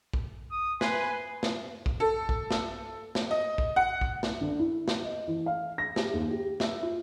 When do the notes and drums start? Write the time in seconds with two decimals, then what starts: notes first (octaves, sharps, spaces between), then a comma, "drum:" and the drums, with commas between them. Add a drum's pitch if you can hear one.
0.13 drum: kick
0.51 D#6
0.81 B4 G#5 C6, drum: snare
1.43 drum: snare
1.86 drum: kick
2.00 A4
2.29 drum: kick
2.51 drum: snare
3.15 drum: snare
3.31 D#5
3.58 drum: kick
3.76 F#5
4.01 drum: kick
4.23 drum: snare
4.41 D3
4.59 E4
4.88 drum: snare
5.03 D#5
5.27 E3
5.46 F5
5.78 A#6
5.96 G4, drum: snare
6.13 D#2
6.31 G4
6.60 E5, drum: snare
6.83 F4